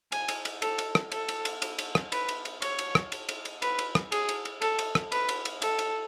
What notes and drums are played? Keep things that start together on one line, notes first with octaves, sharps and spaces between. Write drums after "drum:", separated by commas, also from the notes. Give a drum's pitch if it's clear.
G#5, drum: cymbal
drum: cymbal
drum: cymbal
A4, drum: cymbal
drum: cymbal
drum: rim click
A4, drum: cymbal
drum: cymbal
drum: cymbal
drum: cymbal
drum: cymbal
drum: rim click
B4, drum: cymbal
drum: cymbal
drum: cymbal
C#5, drum: cymbal
drum: cymbal
drum: rim click
drum: cymbal
drum: cymbal
drum: cymbal
B4, drum: cymbal
drum: cymbal
drum: rim click
G#4, drum: cymbal
drum: cymbal
drum: cymbal
A4, drum: cymbal
drum: cymbal
drum: rim click
B4, drum: cymbal
drum: cymbal
drum: cymbal
A4, drum: cymbal
drum: cymbal